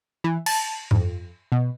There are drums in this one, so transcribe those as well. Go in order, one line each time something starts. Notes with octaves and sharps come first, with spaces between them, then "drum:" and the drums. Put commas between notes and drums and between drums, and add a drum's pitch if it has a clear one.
E3
A5, drum: cymbal
F2, drum: tom G2
B2